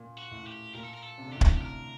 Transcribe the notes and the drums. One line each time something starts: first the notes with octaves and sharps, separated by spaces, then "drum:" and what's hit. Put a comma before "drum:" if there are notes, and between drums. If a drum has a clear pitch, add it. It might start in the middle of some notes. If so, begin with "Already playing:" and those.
Already playing: A#2
F#4
A2
G4
A#2 A#4
A4
A#4
A4
C3
D3
A2 C3 G4
F#4, drum: kick
G4
A#4